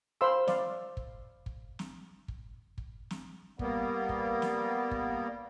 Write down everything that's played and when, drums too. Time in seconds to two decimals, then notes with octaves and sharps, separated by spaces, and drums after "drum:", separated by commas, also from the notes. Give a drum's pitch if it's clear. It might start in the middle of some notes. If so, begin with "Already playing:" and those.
0.21 C5 F5 B5 C6 E6
0.48 D5 F5, drum: snare
0.97 drum: kick
1.46 drum: kick
1.79 drum: snare
2.28 drum: kick
2.78 drum: kick
3.10 drum: snare
3.59 G3 A#3 B3, drum: kick
4.09 drum: kick
4.42 drum: snare
4.91 drum: kick